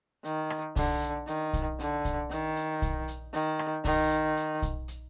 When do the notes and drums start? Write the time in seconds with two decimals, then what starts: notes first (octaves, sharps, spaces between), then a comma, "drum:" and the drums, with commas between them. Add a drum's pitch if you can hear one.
0.25 D#3, drum: hi-hat
0.50 drum: rim click
0.76 D3, drum: kick B1, open hi-hat
1.02 drum: hi-hat
1.27 D#3, drum: hi-hat
1.53 drum: kick B1, hi-hat
1.80 D3, drum: hi-hat
2.05 drum: kick B1, hi-hat
2.31 D#3, drum: hi-hat
2.56 drum: hi-hat
2.82 drum: kick B1, hi-hat
3.08 drum: hi-hat
3.33 D#3, drum: hi-hat
3.59 drum: rim click
3.85 D#3, drum: kick B1, open hi-hat
4.11 drum: hi-hat
4.37 drum: hi-hat
4.62 drum: kick B1, hi-hat
4.88 drum: hi-hat